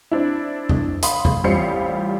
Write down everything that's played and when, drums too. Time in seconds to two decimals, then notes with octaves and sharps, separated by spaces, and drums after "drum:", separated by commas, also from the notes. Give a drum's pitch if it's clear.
0.11 C4 D4 E4
0.69 drum: tom E2
1.03 F5 B5 C6 D#6, drum: hi-hat
1.25 drum: tom E2
1.44 A1 G3 C4 F4 C7 C#7